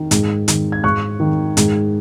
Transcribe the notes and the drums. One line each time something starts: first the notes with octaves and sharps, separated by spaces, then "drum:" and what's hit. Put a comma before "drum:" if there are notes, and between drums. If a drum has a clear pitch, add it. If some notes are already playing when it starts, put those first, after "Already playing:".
Already playing: D#3
G#2, drum: hi-hat
D#3, drum: hi-hat
G#6
G#2 C#6 F#6
D#3
G#2, drum: hi-hat